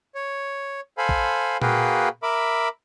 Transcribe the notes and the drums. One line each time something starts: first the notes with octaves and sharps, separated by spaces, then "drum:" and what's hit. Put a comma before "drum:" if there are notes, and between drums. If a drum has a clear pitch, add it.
C#5
A4 C5 F5 G#5 B5
drum: kick A1
A#3 F#4 G#4 B4 F5 G5, drum: tom A#2
A#4 E5 B5 D6